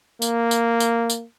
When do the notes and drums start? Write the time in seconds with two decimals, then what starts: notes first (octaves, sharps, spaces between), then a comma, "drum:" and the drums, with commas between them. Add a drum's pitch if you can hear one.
0.22 A#3, drum: tambourine
0.51 drum: tambourine
0.80 drum: tambourine
1.10 drum: tambourine